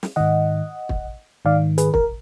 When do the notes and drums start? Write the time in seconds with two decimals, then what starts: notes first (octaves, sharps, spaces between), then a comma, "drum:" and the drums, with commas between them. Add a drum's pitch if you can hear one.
0.03 drum: snare
0.16 G#2 D#3 D#5 F#5
0.89 drum: kick
1.45 G#2 D#3 D5 F5
1.78 G#4 B4, drum: hi-hat
1.94 A#4, drum: kick